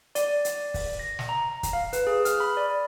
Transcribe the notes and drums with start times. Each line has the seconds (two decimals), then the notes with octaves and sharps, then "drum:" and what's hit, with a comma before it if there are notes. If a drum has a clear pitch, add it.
0.15 D5, drum: hi-hat
0.45 drum: hi-hat
0.74 drum: kick, open hi-hat
0.99 A#6
1.19 drum: snare
1.29 A#5
1.63 drum: kick, hi-hat
1.73 F5
1.93 B4, drum: hi-hat
2.07 G#4
2.25 F6, drum: hi-hat
2.40 B5
2.57 D5